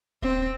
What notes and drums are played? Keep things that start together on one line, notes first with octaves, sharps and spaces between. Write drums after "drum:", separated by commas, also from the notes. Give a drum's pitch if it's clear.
C4, drum: kick D1